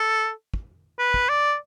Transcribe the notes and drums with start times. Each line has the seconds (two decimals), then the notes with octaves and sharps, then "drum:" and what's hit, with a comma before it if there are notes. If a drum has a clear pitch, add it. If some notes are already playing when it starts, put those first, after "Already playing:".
Already playing: A4
0.54 drum: kick
0.99 B4
1.14 drum: kick
1.29 D5